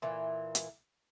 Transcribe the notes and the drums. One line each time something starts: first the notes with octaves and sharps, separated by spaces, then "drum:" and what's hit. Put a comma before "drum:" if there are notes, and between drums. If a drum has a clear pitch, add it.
A#2 E3
drum: hi-hat